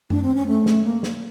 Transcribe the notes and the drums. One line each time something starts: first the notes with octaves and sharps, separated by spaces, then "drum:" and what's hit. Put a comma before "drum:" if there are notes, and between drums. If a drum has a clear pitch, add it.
D4, drum: tom F#2
C4
C#4
A3
drum: snare
A#3
drum: snare